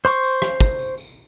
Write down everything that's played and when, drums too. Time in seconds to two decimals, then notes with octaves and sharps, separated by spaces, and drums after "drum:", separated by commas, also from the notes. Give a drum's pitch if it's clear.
0.05 C5 C6 C#6, drum: tambourine
0.23 drum: tambourine
0.42 drum: rim click
0.60 drum: kick, tambourine
0.79 drum: tambourine
0.98 drum: tambourine